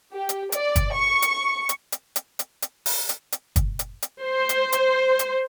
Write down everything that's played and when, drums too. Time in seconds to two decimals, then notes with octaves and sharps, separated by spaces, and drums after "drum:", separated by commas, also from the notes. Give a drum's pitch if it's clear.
0.12 G4
0.29 drum: hi-hat
0.52 D5, drum: hi-hat
0.76 drum: kick, hi-hat
0.95 C#6
1.22 drum: hi-hat
1.69 drum: hi-hat
1.92 drum: hi-hat
2.16 drum: hi-hat
2.39 drum: hi-hat
2.62 drum: hi-hat
2.86 drum: open hi-hat
3.09 drum: hi-hat
3.32 drum: hi-hat
3.56 drum: kick, hi-hat
3.79 drum: hi-hat
4.02 drum: hi-hat
4.22 C5
4.49 drum: hi-hat
4.72 drum: hi-hat
5.19 drum: hi-hat